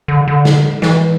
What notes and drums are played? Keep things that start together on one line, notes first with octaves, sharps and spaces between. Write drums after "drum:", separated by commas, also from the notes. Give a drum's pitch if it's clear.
D3
D3
drum: snare
E3, drum: snare